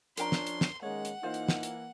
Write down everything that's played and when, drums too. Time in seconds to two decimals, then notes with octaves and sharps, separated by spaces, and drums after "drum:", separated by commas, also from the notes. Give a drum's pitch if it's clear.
0.17 F3 C#4 D4 A#4 G5 A#5 C6, drum: hi-hat
0.32 drum: snare
0.47 drum: hi-hat
0.61 drum: snare
0.83 D#3 G#3 A#3 C#4 C#5 F#5
1.05 drum: hi-hat
1.23 E3 A#3 D#4 F4 C5 F5
1.34 drum: hi-hat
1.48 drum: snare
1.63 drum: hi-hat